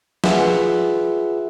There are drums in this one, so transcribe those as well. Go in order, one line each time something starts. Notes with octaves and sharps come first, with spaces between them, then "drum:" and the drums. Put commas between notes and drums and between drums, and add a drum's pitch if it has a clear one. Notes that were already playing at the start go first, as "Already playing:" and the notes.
F4 G#4 B4 E5 F#5, drum: snare